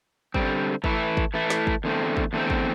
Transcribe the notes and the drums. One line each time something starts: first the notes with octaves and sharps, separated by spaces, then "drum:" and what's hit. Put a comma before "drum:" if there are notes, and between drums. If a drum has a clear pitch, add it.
D3 G3 C4, drum: kick
E3 A3 E4, drum: kick
drum: kick
E3 A3 E4
drum: snare
drum: kick
E2 D3 A3 C4
drum: kick
E2 D3 A3 C4
drum: kick